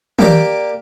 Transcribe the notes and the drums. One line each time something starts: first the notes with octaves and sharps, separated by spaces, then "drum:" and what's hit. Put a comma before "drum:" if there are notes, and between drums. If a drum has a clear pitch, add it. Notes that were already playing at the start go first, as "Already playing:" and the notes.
A#3 G4 D5, drum: tom